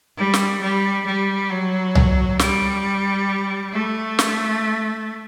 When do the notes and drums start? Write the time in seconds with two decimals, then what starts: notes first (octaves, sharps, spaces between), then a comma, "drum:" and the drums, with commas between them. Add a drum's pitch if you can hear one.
0.17 G3
0.34 drum: snare
0.61 G3
1.06 G3
1.50 F#3
1.95 drum: tom C2
2.39 G3, drum: snare
3.72 A3
4.19 drum: snare